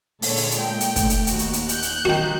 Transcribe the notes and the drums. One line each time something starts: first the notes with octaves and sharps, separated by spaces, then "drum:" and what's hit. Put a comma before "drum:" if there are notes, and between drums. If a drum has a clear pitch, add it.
A#2 D3 G#3 A4 C#5, drum: open hi-hat
drum: open hi-hat
drum: hi-hat
G5
drum: hi-hat
A3, drum: kick, hi-hat
drum: hi-hat
D#2 F#4, drum: hi-hat
drum: hi-hat
drum: hi-hat
F#6 G6, drum: hi-hat
drum: hi-hat
D#3 F3 F#4 G5